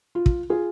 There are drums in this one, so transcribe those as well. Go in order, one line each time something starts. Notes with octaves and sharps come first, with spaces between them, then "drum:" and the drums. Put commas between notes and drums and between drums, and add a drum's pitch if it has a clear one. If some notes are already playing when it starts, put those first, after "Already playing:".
F4
drum: kick
F4 G#4